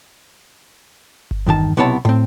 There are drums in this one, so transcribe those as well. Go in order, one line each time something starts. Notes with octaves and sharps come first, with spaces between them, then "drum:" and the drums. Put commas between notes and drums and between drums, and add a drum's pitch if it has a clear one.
drum: kick G1
E2 G2 D#3 A5
B1 C3 B3 E4 C#5 A5
A2 C4